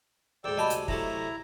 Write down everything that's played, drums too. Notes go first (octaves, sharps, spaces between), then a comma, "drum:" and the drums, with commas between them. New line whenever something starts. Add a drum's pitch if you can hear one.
D2 G#2 D5 G5 E6
D2 C3 D#5 G#5 A5 B5
drum: hi-hat
C3 F#3 A3 E4 A#5, drum: kick